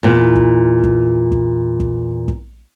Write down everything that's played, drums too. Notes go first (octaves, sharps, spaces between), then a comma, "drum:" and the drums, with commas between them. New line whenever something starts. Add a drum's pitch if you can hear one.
E2 A#2
drum: kick
drum: kick
drum: kick
drum: kick
drum: kick